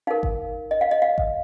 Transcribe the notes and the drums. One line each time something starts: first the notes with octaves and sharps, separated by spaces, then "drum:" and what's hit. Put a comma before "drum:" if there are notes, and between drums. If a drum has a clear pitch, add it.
D#4 A#4 F5
drum: kick G#1
D#5
F5
D#5
F5
drum: kick G#1